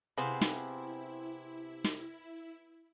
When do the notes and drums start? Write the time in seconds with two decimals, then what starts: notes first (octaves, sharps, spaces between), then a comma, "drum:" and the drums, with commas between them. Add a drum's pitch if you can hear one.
0.18 C3 B3 E4 G#4 C5 F5
0.41 drum: snare
1.84 drum: snare